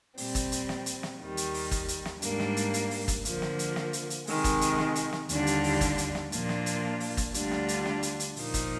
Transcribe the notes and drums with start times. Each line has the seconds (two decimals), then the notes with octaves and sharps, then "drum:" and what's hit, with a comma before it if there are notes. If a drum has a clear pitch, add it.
0.18 A#2 G3 C4, drum: open hi-hat
0.35 drum: kick G1, hi-hat
0.52 drum: hi-hat
0.69 drum: snare
0.86 drum: hi-hat
1.03 drum: snare
1.21 D#2 D#3 G3
1.37 drum: hi-hat
1.54 drum: open hi-hat
1.71 drum: kick G1, hi-hat
1.88 drum: hi-hat
2.05 drum: snare
2.22 G#2 G3 A#3 D4, drum: hi-hat
2.40 drum: snare
2.57 drum: hi-hat
2.74 drum: hi-hat
2.91 drum: open hi-hat
3.08 drum: kick G1, hi-hat
3.25 D3 F3 A#3, drum: hi-hat
3.42 drum: snare
3.59 drum: hi-hat
3.76 drum: snare
3.93 drum: hi-hat
4.10 drum: hi-hat
4.27 C3 D#3 G#3, drum: open hi-hat
4.44 drum: kick G1, hi-hat
4.61 drum: hi-hat
4.78 drum: snare
4.95 drum: hi-hat
5.13 drum: snare
5.29 D#2 D3 G3 D4 F4, drum: hi-hat
5.47 drum: hi-hat
5.64 drum: open hi-hat
5.81 drum: kick G1, hi-hat
5.98 drum: hi-hat
6.15 drum: snare
6.32 A#2 F3 A#3 D4 F4, drum: hi-hat
6.49 drum: snare
6.66 drum: hi-hat
7.00 drum: open hi-hat
7.17 drum: kick G1, hi-hat
7.34 D2 D3 G3 D4 F4, drum: hi-hat
7.51 drum: snare
7.68 drum: hi-hat
7.86 drum: snare
8.03 drum: hi-hat
8.20 drum: hi-hat
8.36 A#2 F3 A#3 D#4, drum: open hi-hat
8.54 drum: kick G1, hi-hat